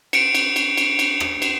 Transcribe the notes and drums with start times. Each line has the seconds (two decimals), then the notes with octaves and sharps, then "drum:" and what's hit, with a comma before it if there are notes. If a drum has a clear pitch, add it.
0.13 C#7 D7, drum: cymbal
0.35 drum: cymbal
0.56 drum: cymbal
0.77 drum: cymbal
0.99 drum: cymbal
1.20 drum: rim click
1.42 drum: cymbal